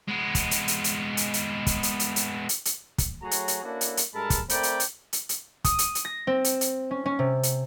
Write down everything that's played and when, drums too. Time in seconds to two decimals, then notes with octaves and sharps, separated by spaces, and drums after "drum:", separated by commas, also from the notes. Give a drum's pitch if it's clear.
0.08 G#3 B3
0.35 drum: kick, hi-hat
0.51 drum: hi-hat
0.68 drum: hi-hat
0.84 drum: hi-hat
1.17 drum: hi-hat
1.34 drum: hi-hat
1.67 drum: kick, hi-hat
1.83 drum: hi-hat
2.00 drum: hi-hat
2.16 drum: hi-hat
2.49 drum: hi-hat
2.65 drum: hi-hat
2.98 drum: kick, hi-hat
3.22 F#3 A3 F#4 G#4 C#5 A#5
3.31 drum: hi-hat
3.48 drum: hi-hat
3.63 A#3 C#4 D4 E4 F#4 A4
3.81 drum: hi-hat
3.97 drum: hi-hat
4.14 G2 G#3 A4 A#4 A5 B5
4.30 drum: kick, hi-hat
4.49 A3 C4 A#4 D5 G5 B5, drum: hi-hat
4.63 drum: hi-hat
4.80 drum: hi-hat
5.13 drum: hi-hat
5.29 drum: hi-hat
5.64 D#6, drum: kick, hi-hat
5.79 drum: hi-hat
5.95 drum: hi-hat
6.05 A#6
6.27 C4
6.44 drum: hi-hat
6.61 drum: hi-hat
6.91 C#4
7.06 C#4
7.19 C3
7.43 drum: hi-hat